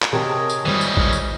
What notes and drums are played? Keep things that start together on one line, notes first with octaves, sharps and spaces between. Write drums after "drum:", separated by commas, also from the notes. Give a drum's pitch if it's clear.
drum: clap
C3 G#4 A#4 C#5 D#5 G5 A5
drum: tambourine
G#1 E3 G3 D#7
drum: tambourine
drum: kick A1
drum: tambourine